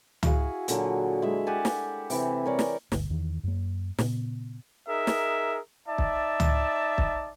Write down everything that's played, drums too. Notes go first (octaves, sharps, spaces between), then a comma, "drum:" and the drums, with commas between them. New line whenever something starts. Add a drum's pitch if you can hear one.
E4 F#4 G#4 F5, drum: tom C#2
A#2 D3 F#3, drum: hi-hat
G#3 E4 E5
G4 F#5 G#5 A5
drum: snare
C3 E3 C4, drum: open hi-hat
A#4 C#5 D5
drum: snare
G1 D2, drum: snare
E2 D#3 E3
F#2 A#3
A#2 C#3 B3, drum: snare
D#4 G#4 A#4 E5
drum: snare
D#4 D5 E5 A5
drum: kick
drum: tom C#2
drum: kick